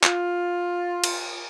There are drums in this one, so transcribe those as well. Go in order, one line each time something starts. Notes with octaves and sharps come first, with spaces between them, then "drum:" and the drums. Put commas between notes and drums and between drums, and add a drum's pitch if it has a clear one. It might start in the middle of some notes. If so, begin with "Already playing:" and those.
F4, drum: clap
drum: cymbal